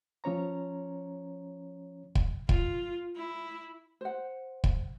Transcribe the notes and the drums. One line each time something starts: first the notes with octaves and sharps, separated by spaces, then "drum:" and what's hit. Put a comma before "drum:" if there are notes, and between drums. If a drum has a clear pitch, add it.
F3 C#4 C#5 A#5
drum: kick
F4, drum: kick
E4
C5 F#5
drum: kick